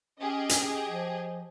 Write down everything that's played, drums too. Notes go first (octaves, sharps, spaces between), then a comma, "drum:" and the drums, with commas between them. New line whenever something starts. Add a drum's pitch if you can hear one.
C#4 G4 G#4 D#5
drum: hi-hat
F3